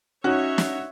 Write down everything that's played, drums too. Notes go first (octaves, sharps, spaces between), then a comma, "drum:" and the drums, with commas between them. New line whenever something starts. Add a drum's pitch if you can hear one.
C#4 D#4 F#4 C#5 E5
drum: snare